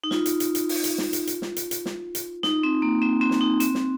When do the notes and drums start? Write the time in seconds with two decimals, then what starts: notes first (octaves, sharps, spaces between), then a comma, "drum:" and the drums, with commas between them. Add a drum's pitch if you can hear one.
0.04 D#4
0.11 F4, drum: snare
0.26 drum: hi-hat
0.40 drum: hi-hat
0.55 drum: hi-hat
0.69 drum: open hi-hat
0.84 drum: hi-hat
0.98 drum: snare
1.13 drum: hi-hat
1.27 drum: hi-hat
1.42 drum: snare
1.56 drum: hi-hat
1.71 drum: hi-hat
1.86 drum: snare
2.15 drum: hi-hat
2.43 D#4, drum: snare
2.63 C4
2.82 A#3
3.02 C4
3.21 C4
3.31 drum: snare
3.41 D#4
3.60 C4, drum: hi-hat
3.75 drum: snare